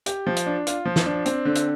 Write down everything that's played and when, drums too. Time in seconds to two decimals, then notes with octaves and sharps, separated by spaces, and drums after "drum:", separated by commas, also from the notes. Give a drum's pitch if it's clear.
0.06 G4, drum: hi-hat
0.27 F3
0.36 drum: hi-hat
0.46 D4
0.67 F4, drum: hi-hat
0.85 F3
0.96 drum: snare
1.06 D4
1.26 C4, drum: hi-hat
1.45 D3
1.55 drum: hi-hat